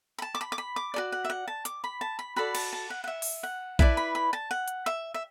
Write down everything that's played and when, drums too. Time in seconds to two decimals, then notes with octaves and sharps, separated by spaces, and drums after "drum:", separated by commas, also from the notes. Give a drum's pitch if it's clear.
0.19 B5
0.22 A5
0.35 D6
0.41 B5
0.52 D6
0.58 B5
0.76 D6
0.94 F#4 A4 D5
1.12 F#5
1.25 E5
1.30 F#5
1.48 A5
1.65 D6, drum: hi-hat
1.84 B5
2.01 A5
2.19 B5
2.36 F#4 A4 D5 B5
2.55 A5, drum: cymbal
2.73 A5
2.90 F#5
3.04 F#5
3.07 E5
3.22 drum: open hi-hat
3.43 F#5
3.79 E4 B4 D5 A5, drum: kick A#1
3.97 B5
4.15 B5
4.33 A5
4.51 F#5
4.68 drum: hi-hat
4.86 E5
5.14 E5